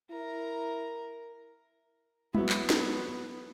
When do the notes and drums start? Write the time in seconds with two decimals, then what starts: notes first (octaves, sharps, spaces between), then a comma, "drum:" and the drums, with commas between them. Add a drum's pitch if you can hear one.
0.11 E4 A#4 A#5
2.35 F#3 B3 E4, drum: tom G3
2.49 drum: clap
2.70 drum: snare